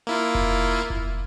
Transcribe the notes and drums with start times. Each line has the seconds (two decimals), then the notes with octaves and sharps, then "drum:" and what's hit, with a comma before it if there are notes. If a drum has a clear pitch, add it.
0.07 A#3 E4 F4
0.35 drum: kick F1
0.90 drum: kick F1